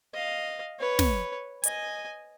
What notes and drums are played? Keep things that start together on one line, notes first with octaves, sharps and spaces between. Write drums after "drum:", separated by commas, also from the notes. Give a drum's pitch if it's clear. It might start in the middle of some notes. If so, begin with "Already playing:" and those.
D#5 F5
B4 C#5
drum: snare
D#5 G#5, drum: hi-hat